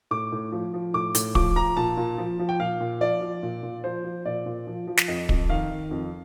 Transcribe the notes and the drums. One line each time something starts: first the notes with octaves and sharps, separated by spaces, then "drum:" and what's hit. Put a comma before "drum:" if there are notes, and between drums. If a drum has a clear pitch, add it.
A2 D6
A2
F3
F3
A2 D6
A2, drum: hi-hat
F3 D6, drum: kick
F3 A#5
A#2 A5
A#2
F3
F3
G5
A#2 F5
A#2
F3 D5
F3
A#2
A#2
F3 C5
F3
A#2 D5
A#2
F3
F3
drum: snare
F2 D#5
F2, drum: kick
D#3 F5
D#3
F2